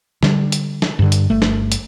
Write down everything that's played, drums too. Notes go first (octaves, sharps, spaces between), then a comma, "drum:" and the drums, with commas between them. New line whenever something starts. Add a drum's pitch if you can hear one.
D3 G3, drum: snare
drum: hi-hat
drum: snare
G2 D3
drum: hi-hat
G1 A3
drum: snare
drum: hi-hat